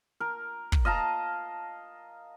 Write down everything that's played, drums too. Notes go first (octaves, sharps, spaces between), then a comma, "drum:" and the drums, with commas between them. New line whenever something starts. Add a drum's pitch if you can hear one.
A#4
drum: kick
D#5 F5 A5 A#5